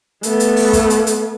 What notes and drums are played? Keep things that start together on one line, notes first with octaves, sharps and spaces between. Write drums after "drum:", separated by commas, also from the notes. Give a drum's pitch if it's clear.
A3 B3, drum: hi-hat
drum: hi-hat
drum: open hi-hat
drum: kick, hi-hat
drum: hi-hat
drum: hi-hat